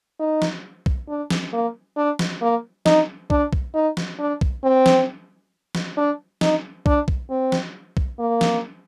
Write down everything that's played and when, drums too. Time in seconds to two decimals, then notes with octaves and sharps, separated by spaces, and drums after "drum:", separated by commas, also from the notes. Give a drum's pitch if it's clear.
0.20 D#4
0.42 drum: snare
0.86 drum: kick
1.08 D4
1.31 drum: snare
1.53 A#3
1.97 D4
2.19 drum: snare
2.41 A#3
2.86 D#4, drum: snare
3.30 D4, drum: kick
3.53 drum: kick
3.75 D#4
3.97 drum: snare
4.19 D4
4.41 drum: kick
4.64 C4
4.86 drum: snare
5.75 drum: snare
5.97 D4
6.41 D#4, drum: snare
6.86 D4, drum: kick
7.08 drum: kick
7.30 C4
7.52 drum: snare
7.97 drum: kick
8.19 A#3
8.41 drum: snare